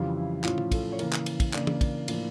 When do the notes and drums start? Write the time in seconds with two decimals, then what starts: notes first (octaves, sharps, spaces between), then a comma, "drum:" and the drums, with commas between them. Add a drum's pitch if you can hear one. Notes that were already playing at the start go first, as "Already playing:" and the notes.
Already playing: F2 C#3 E3 G3 F4
0.17 E4
0.44 A2 F3 C#4 F4, drum: clap
0.58 drum: tom
0.72 A4, drum: kick, cymbal
0.92 C#5
0.99 C#3 E3 A#3 A#4, drum: cymbal
1.13 drum: clap
1.26 drum: cymbal
1.40 drum: kick, cymbal
1.54 C#3 E3 A#3 D4, drum: clap
1.67 drum: tom
1.81 drum: kick, cymbal
2.08 A2 F3 A#3 D4 D5, drum: cymbal